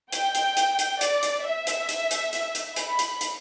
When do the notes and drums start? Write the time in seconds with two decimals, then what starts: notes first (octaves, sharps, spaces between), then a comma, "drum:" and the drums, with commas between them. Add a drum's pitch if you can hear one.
0.13 G5, drum: hi-hat
0.35 drum: hi-hat
0.57 drum: hi-hat
0.79 drum: hi-hat
1.01 D5, drum: hi-hat
1.23 drum: hi-hat
1.45 E5
1.67 drum: hi-hat
1.89 drum: hi-hat
2.11 drum: hi-hat
2.33 drum: hi-hat
2.55 drum: hi-hat
2.76 B5, drum: hi-hat
2.99 drum: hi-hat
3.21 drum: hi-hat